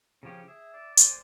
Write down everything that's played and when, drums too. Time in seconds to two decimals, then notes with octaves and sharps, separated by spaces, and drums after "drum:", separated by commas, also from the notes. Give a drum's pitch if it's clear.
0.23 C#3 F3 C#4 G4
0.48 G#4 E5
0.73 D5
0.97 C5 G#5, drum: hi-hat